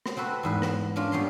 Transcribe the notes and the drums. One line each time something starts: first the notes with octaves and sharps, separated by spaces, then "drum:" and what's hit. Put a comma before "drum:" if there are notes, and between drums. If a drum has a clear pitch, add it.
drum: rim click
C4 F#4 A4 B4
E2 G#2 B4
drum: rim click
C#4 D4 F4 A#4
A#2 G3 B3 C#5 F5 C6